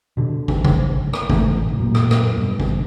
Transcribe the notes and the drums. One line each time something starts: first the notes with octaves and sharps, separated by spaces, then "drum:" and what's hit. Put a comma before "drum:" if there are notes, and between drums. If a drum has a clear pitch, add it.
B2 D3
drum: kick
drum: kick
drum: rim click
G#1 A2 E3 A3, drum: kick
F#2 A#2
drum: rim click
drum: rim click
G2 B2
drum: kick